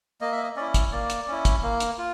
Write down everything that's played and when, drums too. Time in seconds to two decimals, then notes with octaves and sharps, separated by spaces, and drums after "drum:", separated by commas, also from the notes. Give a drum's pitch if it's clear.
0.21 A#3 D#5
0.32 E5
0.43 D#5
0.56 C#4 E4 D5
0.74 drum: kick, hi-hat
0.92 A#3 D5
1.10 drum: hi-hat
1.28 C#4 E4
1.45 drum: kick, hi-hat
1.63 A#3
1.80 drum: hi-hat
1.98 F4